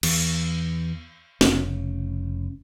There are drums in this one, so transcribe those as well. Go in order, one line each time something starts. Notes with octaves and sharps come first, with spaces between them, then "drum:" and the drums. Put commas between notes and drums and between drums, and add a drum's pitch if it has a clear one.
E2, drum: cymbal
F1 C#3, drum: snare